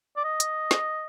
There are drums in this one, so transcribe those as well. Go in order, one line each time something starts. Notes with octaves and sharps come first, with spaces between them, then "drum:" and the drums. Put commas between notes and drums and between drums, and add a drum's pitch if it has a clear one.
D5
D#5
drum: hi-hat
drum: snare